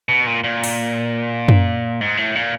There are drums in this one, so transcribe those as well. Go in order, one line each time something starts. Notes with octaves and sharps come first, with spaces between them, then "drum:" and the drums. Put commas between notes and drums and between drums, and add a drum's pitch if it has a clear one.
B2
A#2
A#2
drum: open hi-hat
drum: tom F#2
G#2
A2
A#2